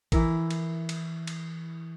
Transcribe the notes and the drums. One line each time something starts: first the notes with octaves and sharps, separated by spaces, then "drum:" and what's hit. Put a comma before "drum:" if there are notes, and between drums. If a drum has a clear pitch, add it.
E3 E4 A#4, drum: kick A1, cymbal
drum: cymbal
drum: cymbal
drum: cymbal